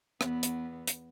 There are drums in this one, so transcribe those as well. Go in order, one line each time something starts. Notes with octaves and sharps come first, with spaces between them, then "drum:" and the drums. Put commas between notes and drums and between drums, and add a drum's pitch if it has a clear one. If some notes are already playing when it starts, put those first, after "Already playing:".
E2 B3, drum: rim click
drum: hi-hat
drum: hi-hat